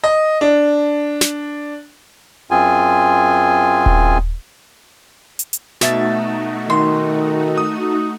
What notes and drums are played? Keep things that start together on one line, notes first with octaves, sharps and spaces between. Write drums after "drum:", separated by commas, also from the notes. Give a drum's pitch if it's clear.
D#5
D4
drum: snare
F#2 C4 F4 G#4 G#5
drum: kick D#1
drum: hi-hat
drum: hi-hat
B2 A3 D#4 F#4 E5 A6, drum: snare
D#3 C6
D#6